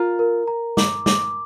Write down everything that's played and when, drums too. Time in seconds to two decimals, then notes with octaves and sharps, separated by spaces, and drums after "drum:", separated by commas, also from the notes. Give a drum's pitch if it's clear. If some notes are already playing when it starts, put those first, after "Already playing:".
Already playing: F4 A#4 A#5
0.19 A#4
0.48 A#5
0.77 D6, drum: snare
1.06 D6, drum: snare